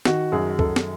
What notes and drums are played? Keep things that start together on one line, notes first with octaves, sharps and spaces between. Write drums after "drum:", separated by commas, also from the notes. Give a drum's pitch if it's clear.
D#3 F#4, drum: snare
F#2 G#4
F#2 A4, drum: kick C#2
drum: snare